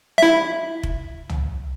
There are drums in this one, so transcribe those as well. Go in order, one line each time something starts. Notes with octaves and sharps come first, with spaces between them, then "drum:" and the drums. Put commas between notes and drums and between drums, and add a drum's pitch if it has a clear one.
E4 E5, drum: snare
drum: kick F1
drum: tom